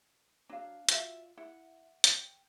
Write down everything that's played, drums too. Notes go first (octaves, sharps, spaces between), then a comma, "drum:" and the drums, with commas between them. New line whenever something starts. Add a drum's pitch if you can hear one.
F#3 D4 F5
F4 F#4 D5 E5 F5, drum: hi-hat
E4 F#5
G5, drum: hi-hat